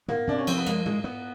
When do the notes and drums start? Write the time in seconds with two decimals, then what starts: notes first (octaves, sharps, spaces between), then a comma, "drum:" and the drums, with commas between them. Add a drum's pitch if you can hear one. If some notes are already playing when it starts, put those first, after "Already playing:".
0.08 A#3 B3, drum: tom
0.27 C3 D4
0.38 C#4
0.47 F3 C4, drum: cymbal
0.57 B3
0.67 G#3 A#3, drum: rim click
0.86 G#3, drum: tom
1.04 B3